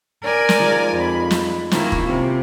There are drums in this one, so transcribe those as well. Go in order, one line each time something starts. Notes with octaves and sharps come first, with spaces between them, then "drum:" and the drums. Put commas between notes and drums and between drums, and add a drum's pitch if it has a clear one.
A#4 D5 G#5
drum: snare
F3 G#3 D#4
F2 B5
drum: snare
D#3 A#3 C#4 E4 F4, drum: snare
drum: kick
C3